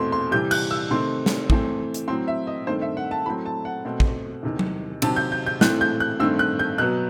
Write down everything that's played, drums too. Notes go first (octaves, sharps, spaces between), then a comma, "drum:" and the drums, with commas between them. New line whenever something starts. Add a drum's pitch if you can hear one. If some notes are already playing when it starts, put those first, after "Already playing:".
Already playing: E2 B2 A3 C4 C6
C6
C3 E3 G3 G6
F#6, drum: cymbal
E6
C3 D#3 A3 C4 C6
drum: snare
A2 E3 A3 C4, drum: kick
drum: hi-hat
A2 F#3 C4 C6
E5
D#5
G2 D#3 A3 C4 C5
E5
F#5
A5
A2 F#3 A3 C4 B5
A5
F#5
B2 A3 C4
drum: kick
E2 C3 D#3
drum: tom F#3
C3 D#3 F#3 C4 A5, drum: cymbal
G6
G6
G6
A2 E3 A3 C4 F#6, drum: snare
G6
F#6
G2 D#3 A3 C4 E6
F#6
G6
B2 F#3 B3 F#6